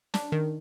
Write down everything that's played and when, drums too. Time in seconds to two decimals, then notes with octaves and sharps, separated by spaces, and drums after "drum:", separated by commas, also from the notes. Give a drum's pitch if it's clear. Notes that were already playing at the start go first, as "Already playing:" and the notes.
0.14 D4, drum: snare
0.32 D#3